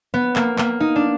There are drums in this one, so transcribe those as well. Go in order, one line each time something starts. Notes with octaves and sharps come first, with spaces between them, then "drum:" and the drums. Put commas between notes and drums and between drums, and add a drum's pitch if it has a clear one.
B3
A#3, drum: clap
A#3, drum: clap
D#4
D4